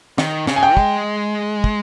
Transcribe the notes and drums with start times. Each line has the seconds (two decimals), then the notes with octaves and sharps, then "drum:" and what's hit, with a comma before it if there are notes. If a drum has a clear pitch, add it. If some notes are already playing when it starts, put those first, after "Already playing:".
0.18 D#3, drum: snare
0.47 C#3, drum: snare
0.56 G#5
0.63 G5
0.77 G#3, drum: kick
1.64 drum: kick